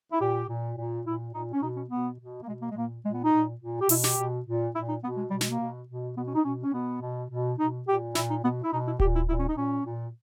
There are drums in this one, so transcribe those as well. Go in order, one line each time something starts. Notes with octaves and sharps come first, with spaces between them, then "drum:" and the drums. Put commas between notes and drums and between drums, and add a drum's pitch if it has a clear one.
E4
A#2 G4
A#2
A#2
A#2 E4
A#2 D#4
C#4
B2 D#4
C#4
B2 B3
B2
A#3
B2 G#3
A#3
G#3
A#2 A#3
A#2 G#3
B3
D#4
A#2
A#2
G4
B2 E4, drum: open hi-hat
G4, drum: snare
B2
A#2
A#2 E4
D#4
B2 B3
G#3
B2 G3
G#3, drum: snare
A#3
B2
B2
B2 B3
C#4
D#4
B2 C#4
C#4
B2 B3
B2
B2
B2 D#4
A#2 G4
A#2 E4, drum: snare
D#4
B2 B3
E4
B2 D#4
E4
A#2 G4, drum: kick D1
E4
A#2 E4
C#4
D#4
A#2 C#4
A#2